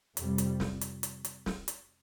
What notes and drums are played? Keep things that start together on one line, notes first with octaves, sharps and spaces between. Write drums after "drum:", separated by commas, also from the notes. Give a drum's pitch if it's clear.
F2 C3 G3, drum: hi-hat
drum: hi-hat
drum: snare
drum: hi-hat
drum: hi-hat
drum: hi-hat
drum: snare
drum: hi-hat